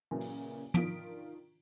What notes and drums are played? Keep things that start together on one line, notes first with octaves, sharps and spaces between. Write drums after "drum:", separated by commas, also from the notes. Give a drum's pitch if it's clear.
A#2 C#3 E3 F#3
drum: open hi-hat
D#3 D4 F4 D#6 B6 D7, drum: tom